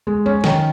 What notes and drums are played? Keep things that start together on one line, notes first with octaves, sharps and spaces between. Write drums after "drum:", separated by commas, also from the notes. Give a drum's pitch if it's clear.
G#3
C#4
D#3, drum: snare